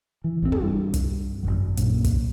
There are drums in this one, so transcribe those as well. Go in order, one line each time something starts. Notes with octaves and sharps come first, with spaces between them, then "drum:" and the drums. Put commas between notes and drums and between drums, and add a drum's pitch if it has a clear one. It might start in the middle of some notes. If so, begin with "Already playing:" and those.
E3
G#1 E2 B2 C4
drum: tom
G2
drum: kick, hi-hat
G#1 C#2 F#2 F#3
A#1 F#2 A#2, drum: hi-hat
drum: kick, hi-hat